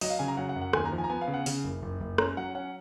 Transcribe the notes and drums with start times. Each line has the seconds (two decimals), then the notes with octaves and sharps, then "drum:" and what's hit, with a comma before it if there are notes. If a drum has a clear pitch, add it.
0.01 F#3 D#5, drum: open hi-hat
0.10 F5
0.19 C#3 G#5
0.28 A#5
0.37 F#3 F#5
0.49 F#5
0.56 F#2
0.61 F#5
0.73 D#2 G#5, drum: rim click
0.85 A#5
0.92 F3
0.98 G#5
1.04 A#5
1.10 B3 G#5
1.22 F5
1.28 C#3
1.34 F#5
1.46 C#3, drum: open hi-hat
1.64 F#1
1.82 F#1
2.00 F#1
2.18 C#4 A#5, drum: rim click
2.37 F#3 F#5
2.55 C#4 F#5